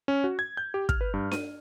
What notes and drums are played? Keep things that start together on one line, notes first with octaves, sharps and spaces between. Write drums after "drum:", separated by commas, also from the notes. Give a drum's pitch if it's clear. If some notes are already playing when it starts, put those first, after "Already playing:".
C#4
F#4
G#6
G6
G4
F6, drum: kick
B4
G2
D#7, drum: snare D4